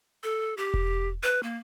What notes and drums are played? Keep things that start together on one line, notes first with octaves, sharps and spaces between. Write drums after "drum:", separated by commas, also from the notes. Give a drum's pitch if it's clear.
A4
G4
drum: kick E1
B4
A#3